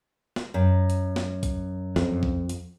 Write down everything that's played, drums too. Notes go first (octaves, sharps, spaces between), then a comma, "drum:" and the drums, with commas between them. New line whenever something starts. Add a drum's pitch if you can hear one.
drum: snare
F#2
drum: hi-hat
drum: snare
drum: kick A#1, hi-hat
F2, drum: snare
drum: kick A#1
drum: hi-hat